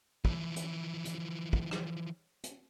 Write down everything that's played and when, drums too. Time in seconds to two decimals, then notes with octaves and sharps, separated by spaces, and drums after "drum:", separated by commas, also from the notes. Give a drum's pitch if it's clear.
0.25 E3 F3, drum: kick
0.56 drum: hi-hat
1.05 drum: hi-hat
1.53 drum: kick
1.71 drum: rim click
2.44 drum: hi-hat